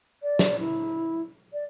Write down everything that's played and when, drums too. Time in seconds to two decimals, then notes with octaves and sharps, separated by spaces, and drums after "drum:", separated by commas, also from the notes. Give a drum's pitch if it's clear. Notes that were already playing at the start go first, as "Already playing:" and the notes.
0.22 D5
0.39 drum: snare
0.59 E4
1.53 D5